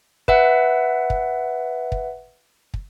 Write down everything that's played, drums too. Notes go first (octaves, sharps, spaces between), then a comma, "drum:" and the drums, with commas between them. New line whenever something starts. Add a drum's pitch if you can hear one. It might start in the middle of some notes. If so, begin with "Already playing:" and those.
B4 E5 F#5, drum: kick
drum: kick
drum: kick
drum: kick